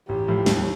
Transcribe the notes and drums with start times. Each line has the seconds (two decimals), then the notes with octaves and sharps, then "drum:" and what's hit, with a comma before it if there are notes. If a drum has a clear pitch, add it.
0.08 A1 G4
0.28 A2 F3
0.46 D#2, drum: snare